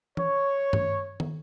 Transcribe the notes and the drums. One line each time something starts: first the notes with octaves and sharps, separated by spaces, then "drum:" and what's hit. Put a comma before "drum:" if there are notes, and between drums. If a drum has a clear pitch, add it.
C#5, drum: tom E3
drum: tom
drum: tom